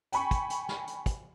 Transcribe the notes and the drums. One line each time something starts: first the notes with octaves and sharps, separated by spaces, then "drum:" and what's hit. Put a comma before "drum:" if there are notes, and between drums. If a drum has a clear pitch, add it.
G5 G#5 B5 C#6, drum: hi-hat
drum: kick, hi-hat
drum: hi-hat
drum: snare
drum: hi-hat
drum: kick, hi-hat